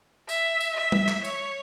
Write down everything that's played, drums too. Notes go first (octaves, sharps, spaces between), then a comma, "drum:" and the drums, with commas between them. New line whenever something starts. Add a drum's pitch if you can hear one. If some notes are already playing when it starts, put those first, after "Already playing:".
E5, drum: tambourine
drum: tambourine
E5
drum: tom
drum: clap
C#5, drum: tambourine